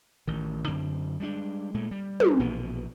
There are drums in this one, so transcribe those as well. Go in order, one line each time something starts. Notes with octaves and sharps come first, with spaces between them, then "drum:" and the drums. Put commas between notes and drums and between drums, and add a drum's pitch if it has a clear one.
A1 D#3
F#2 D3 C4
G3 G#3 A#3 D4
A#2 G#3 A3
G3
drum: tom
A#1 B2 E3